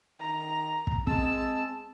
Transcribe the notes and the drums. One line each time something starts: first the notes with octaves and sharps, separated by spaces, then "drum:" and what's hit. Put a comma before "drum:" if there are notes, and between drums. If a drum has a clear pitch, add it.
D#3 A#5
drum: kick
G#3 C4 A5 E6, drum: kick